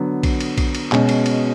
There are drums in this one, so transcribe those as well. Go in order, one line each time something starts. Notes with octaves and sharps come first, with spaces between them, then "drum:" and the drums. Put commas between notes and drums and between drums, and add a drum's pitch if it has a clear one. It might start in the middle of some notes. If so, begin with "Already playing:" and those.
Already playing: D3 F#3 B3
drum: kick A#1, cymbal
drum: cymbal
drum: kick A#1, cymbal
drum: cymbal
B2 G#3 C#4, drum: clap
drum: cymbal
drum: cymbal